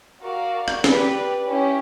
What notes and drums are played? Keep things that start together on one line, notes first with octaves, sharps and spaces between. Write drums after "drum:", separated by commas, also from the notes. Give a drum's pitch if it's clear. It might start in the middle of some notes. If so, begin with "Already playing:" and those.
F#4 A#4 D5 F5
drum: rim click
G4 B4 D5, drum: snare
C#4 E4 G4